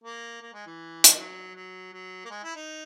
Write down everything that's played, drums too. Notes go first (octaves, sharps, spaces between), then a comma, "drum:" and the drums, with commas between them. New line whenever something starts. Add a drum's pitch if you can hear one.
A#3
A#3
G#3
E3
drum: hi-hat
F#3
F#3
F#3
A#3
G#3
E4
D#4